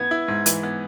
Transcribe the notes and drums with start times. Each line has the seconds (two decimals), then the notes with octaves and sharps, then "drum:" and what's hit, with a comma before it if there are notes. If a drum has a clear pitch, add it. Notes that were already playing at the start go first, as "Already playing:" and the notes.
Already playing: B3 G#6
0.11 E4
0.28 G#2
0.46 E3, drum: hi-hat
0.63 B3